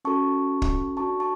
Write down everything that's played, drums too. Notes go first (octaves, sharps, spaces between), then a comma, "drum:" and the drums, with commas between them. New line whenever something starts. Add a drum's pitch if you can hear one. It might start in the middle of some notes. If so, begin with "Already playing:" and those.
C#4 F#4 A4 A5 C#6
drum: kick
D4 F#4 A4 A5 C#6
A5 C#6